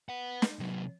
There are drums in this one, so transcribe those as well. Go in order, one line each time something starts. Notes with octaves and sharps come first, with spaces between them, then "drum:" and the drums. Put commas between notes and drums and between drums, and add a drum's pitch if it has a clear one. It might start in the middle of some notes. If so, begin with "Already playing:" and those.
B4 F#5
drum: snare
C3 F#3